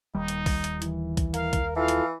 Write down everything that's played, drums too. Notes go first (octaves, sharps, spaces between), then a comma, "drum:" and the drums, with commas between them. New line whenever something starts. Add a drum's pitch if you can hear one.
D#1 D#2 G3 D#4
drum: hi-hat
drum: kick, open hi-hat
drum: hi-hat
E3, drum: hi-hat
drum: kick, hi-hat
A#4 F5, drum: hi-hat
drum: kick, hi-hat
E3 E4 F4 A4 F5
drum: hi-hat